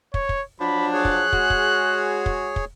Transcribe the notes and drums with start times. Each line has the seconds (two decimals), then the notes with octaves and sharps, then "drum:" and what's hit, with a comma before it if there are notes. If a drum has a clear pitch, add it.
0.14 C#5, drum: kick
0.29 drum: kick
0.61 F3 F#3 D4 B5
0.93 G#4 C#5 F#6
1.05 drum: kick
1.33 G#3 F#4, drum: kick
1.50 drum: kick
2.26 drum: kick
2.56 drum: kick